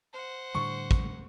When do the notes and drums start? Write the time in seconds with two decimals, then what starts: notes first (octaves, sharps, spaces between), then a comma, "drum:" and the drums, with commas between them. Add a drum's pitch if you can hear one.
0.13 C5 F#5
0.55 A2 D3 G3 C#6
0.91 drum: kick A1